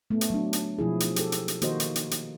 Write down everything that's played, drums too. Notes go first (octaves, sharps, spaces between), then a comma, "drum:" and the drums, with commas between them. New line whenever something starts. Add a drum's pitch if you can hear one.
A3 B3
drum: hi-hat
F#3 D4
drum: hi-hat
B2 F3 E4 G#4
drum: hi-hat
G4 A4, drum: hi-hat
drum: hi-hat
drum: hi-hat
D#3 A#3 F#4 C5 D#5, drum: hi-hat
drum: hi-hat
drum: hi-hat
drum: hi-hat